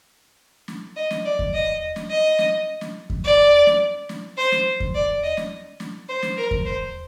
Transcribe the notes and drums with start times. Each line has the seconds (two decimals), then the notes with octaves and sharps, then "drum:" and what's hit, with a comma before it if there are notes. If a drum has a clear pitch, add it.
0.68 drum: snare
0.96 D#5
1.11 drum: snare
1.25 D5
1.39 drum: kick E2
1.53 D#5
1.96 drum: snare
2.10 D#5
2.39 drum: snare
2.81 drum: snare
3.10 drum: kick E2
3.24 D5
3.67 drum: snare
4.09 drum: snare
4.37 C5
4.52 drum: snare
4.80 drum: kick E2
4.94 D5
5.23 D#5
5.37 drum: snare
5.80 drum: snare
6.09 C5
6.23 drum: snare
6.37 A#4
6.51 drum: kick E2
6.65 C5